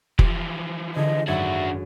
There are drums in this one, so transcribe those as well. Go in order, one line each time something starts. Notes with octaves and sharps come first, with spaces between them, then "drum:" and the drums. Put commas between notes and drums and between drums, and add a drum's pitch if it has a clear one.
E3 F3 G4, drum: kick F1
D3 G#4 D#5
G#1 F#2 D4 F#4 E5 G#6